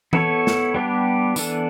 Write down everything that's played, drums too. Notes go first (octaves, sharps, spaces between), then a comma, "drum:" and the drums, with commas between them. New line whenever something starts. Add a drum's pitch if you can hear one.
B3 E4 A4 C#5, drum: tom E3
drum: snare
G3 B3 D4 G4
E3 B3 D4 A4, drum: tambourine